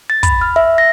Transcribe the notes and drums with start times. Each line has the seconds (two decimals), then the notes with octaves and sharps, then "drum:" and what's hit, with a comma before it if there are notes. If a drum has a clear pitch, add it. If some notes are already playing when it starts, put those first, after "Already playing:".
0.10 A6
0.23 B5, drum: kick, hi-hat
0.41 F6
0.56 E5
0.78 A#6